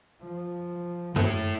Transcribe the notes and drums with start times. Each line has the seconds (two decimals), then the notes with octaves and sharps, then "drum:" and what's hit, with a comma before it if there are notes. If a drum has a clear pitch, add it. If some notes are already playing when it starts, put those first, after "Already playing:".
0.22 F3
1.16 F#2 A3 E4, drum: tom G2